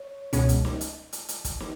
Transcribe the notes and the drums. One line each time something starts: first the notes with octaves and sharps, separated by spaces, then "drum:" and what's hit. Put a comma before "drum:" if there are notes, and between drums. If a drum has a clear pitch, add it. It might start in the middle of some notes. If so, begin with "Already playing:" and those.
Already playing: C#5
C#2 B2 G#3 C#4, drum: hi-hat
drum: kick, hi-hat
drum: snare
drum: hi-hat
drum: hi-hat
drum: hi-hat
drum: kick, hi-hat
drum: snare